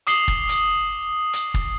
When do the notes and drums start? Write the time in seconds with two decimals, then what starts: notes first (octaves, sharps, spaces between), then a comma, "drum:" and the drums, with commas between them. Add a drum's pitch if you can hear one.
0.07 D6 D#6 C7 F#7 G7, drum: hi-hat
0.28 drum: kick
0.49 drum: hi-hat
1.33 drum: hi-hat
1.54 drum: kick